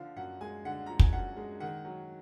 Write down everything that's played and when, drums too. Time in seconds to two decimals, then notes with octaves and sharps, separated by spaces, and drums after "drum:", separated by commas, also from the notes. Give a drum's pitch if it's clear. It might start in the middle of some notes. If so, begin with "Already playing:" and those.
Already playing: D3 F3 F5
0.16 F#2 F#5
0.41 G#3 G#5
0.65 D3 F#5
0.86 F3 A#5
0.99 G#5, drum: kick
1.13 F#2 F#5
1.37 G#3
1.60 D#3 F#5
1.85 F#3